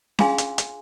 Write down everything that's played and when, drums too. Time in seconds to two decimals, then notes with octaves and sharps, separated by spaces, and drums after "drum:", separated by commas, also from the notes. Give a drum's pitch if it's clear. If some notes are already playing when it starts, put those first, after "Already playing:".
0.19 D4 F4 G#4 F5 G#5 C6, drum: snare C#4
0.38 drum: hi-hat
0.58 drum: hi-hat